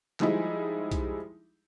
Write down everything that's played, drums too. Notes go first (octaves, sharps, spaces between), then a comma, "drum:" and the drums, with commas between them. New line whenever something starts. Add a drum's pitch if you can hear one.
F3 G3 G#3 D#4 E4, drum: clap
drum: kick B1, hi-hat